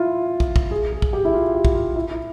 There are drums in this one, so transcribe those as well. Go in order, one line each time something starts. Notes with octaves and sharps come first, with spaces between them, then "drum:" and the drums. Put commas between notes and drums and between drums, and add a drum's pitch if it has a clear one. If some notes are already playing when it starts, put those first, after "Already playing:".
Already playing: E4 F4
drum: kick
drum: kick
G#4
G#4
drum: kick
G4
E4
F4
G4
drum: kick
F4
E4
E4